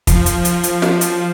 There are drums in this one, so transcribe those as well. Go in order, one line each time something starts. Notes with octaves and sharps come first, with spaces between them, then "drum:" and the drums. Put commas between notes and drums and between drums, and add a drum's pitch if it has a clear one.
F3, drum: kick, hi-hat
drum: hi-hat
drum: hi-hat
drum: hi-hat
drum: snare
drum: hi-hat